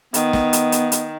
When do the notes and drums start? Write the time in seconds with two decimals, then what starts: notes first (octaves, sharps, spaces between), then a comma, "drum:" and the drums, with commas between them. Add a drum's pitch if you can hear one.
0.14 D#3 B3, drum: hi-hat
0.33 drum: snare
0.53 drum: hi-hat
0.72 drum: hi-hat
0.92 drum: hi-hat